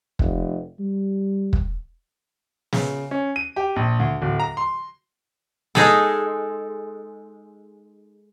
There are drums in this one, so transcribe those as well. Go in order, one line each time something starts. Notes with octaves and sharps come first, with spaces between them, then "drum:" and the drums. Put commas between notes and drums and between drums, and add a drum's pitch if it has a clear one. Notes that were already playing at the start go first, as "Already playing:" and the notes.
F1, drum: kick
G3
drum: kick
C#3, drum: snare
C#4
D#7
G4
A#1
D2
D1
A#5
C6
G#3 D#4 G#4 A4, drum: snare